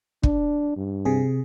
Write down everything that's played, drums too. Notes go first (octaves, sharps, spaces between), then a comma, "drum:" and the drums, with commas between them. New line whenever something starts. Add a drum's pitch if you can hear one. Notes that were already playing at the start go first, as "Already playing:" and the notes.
D4, drum: kick
G2
C3 G#4